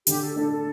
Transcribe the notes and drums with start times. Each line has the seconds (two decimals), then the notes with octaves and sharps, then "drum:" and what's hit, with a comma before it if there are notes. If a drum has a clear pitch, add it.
0.07 D3 G4, drum: hi-hat
0.22 A4
0.36 D4 A4
0.52 A4